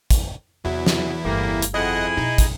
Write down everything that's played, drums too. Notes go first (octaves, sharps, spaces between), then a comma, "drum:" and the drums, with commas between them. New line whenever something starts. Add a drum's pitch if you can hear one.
drum: kick, hi-hat
E2 C3 F#3 E4
drum: snare
G1 A2 G3 A#3
drum: hi-hat
F2 E4 G#4 D#5 F#5
B2 D#4
drum: kick, hi-hat